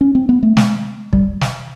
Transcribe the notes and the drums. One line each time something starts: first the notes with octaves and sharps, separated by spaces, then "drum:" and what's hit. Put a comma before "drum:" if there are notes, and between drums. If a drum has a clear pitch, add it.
C#4
C4
B3
A3
G#3, drum: snare
G3, drum: kick
drum: snare